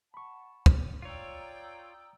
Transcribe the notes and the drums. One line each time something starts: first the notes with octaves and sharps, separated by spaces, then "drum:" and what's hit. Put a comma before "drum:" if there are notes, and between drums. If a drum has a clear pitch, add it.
F#5 A5 B5 C#6
drum: kick
F4 C#5 D5 G5 A#5 D#6 E6